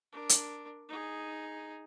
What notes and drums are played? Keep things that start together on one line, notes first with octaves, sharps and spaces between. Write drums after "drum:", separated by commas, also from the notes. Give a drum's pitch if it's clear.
D4 A#4
drum: hi-hat
D#4 G#4